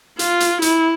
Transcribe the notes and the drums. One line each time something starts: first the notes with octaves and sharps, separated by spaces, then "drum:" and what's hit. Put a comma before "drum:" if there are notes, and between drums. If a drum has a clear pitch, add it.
F4, drum: hi-hat
drum: hi-hat
E4, drum: hi-hat